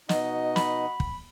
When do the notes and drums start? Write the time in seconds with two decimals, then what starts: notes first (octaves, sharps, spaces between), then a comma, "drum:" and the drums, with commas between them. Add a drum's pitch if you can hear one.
0.09 B2 D#4 F#4 D#5, drum: snare
0.56 B5, drum: snare
1.00 drum: kick